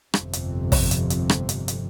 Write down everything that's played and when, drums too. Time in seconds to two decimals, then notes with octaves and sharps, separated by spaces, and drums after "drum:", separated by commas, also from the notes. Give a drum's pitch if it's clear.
0.14 G1 F2 C3, drum: rim click
0.33 drum: hi-hat
0.72 drum: kick, open hi-hat
0.91 drum: hi-hat
1.10 drum: hi-hat
1.29 drum: rim click
1.49 drum: hi-hat
1.68 drum: hi-hat